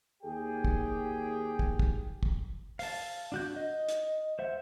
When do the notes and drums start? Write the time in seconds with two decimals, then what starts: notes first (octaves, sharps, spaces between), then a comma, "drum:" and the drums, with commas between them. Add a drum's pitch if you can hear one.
0.23 D#2 G4 G#4 G5
0.64 drum: kick
1.59 drum: kick
1.79 drum: kick
2.23 drum: kick
2.79 F5 A5, drum: open hi-hat
3.32 D4 F#4 G6
3.56 D#5
3.89 drum: hi-hat
4.39 C5 E5 F#5